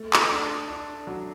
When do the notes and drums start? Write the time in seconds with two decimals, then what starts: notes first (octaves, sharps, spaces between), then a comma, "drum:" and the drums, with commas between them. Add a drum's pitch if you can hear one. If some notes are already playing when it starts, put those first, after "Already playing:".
Already playing: A3
0.13 drum: clap
0.30 D4
0.68 D4
1.07 F#3